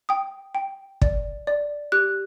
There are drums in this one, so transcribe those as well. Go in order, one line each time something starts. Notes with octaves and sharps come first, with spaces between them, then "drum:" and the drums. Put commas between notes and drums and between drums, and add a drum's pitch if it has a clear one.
G5 D#6
G5
D5, drum: kick
D5
G4 F#6